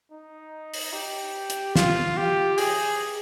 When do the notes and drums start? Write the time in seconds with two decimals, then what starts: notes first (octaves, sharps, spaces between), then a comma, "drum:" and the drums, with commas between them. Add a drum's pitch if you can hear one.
0.11 D#4
0.74 drum: open hi-hat
0.93 G4
1.50 drum: hi-hat
1.76 F4, drum: snare
2.17 G4
2.58 G#4, drum: open hi-hat